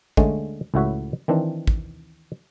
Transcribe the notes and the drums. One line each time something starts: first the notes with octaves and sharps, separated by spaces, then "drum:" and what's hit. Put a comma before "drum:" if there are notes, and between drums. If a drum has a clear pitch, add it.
D3 G#3 A3 C#4 D4, drum: kick
C#2 A2 E4 F#4 C#5 E5
D#3 E3 C4 D4
drum: kick